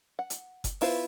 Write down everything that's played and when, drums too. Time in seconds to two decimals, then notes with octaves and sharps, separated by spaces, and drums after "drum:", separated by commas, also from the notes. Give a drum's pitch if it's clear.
0.19 F#5
0.30 drum: hi-hat
0.64 drum: kick F#1, hi-hat
0.81 B3 E4 F4 B4 C5, drum: open hi-hat